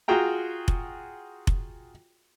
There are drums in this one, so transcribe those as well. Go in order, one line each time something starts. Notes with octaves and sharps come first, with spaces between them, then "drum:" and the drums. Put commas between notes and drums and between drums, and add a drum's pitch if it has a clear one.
F4 F#4 G#4 G5 A#5
drum: kick F1
drum: kick F1